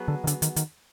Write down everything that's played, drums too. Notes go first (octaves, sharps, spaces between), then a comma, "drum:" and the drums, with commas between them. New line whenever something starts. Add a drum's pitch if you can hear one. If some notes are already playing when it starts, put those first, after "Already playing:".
Already playing: F#3 B3 G#4
D3
D#3
D3, drum: hi-hat
D#3, drum: hi-hat
D#3, drum: hi-hat